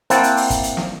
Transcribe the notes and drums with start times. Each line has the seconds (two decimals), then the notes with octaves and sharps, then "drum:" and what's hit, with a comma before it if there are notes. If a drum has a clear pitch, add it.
0.10 A#3 C4 E4 F#5 G5 A5, drum: hi-hat
0.23 drum: hi-hat
0.37 drum: open hi-hat
0.50 drum: kick, hi-hat
0.64 drum: hi-hat
0.77 drum: snare